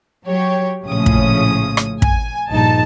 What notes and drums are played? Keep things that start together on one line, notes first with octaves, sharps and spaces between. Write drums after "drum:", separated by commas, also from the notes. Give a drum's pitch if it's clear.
F#3 G4 C#5
A#1 A2 C#3 F3 C#4 D#6
drum: kick
drum: rim click
G#5, drum: kick
A#1 G2 D#4 A5